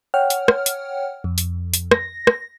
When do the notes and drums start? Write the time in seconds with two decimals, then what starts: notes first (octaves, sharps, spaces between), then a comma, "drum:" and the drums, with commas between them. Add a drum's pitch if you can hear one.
0.14 C#5 F#5 G5 F6
0.30 drum: hi-hat
0.48 drum: rim click
0.66 drum: hi-hat
1.24 F2
1.38 drum: hi-hat
1.74 drum: hi-hat
1.91 A#6, drum: rim click
2.27 drum: rim click